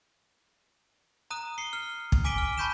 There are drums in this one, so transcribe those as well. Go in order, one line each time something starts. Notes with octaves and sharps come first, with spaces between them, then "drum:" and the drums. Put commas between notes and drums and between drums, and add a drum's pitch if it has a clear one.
A#5 D#6 F#6 D#7
C7 C#7 G7
F6
drum: kick
G#5 D6 B6 D7 D#7 G7
F6
A5 B5 C#6 G6 B6 E7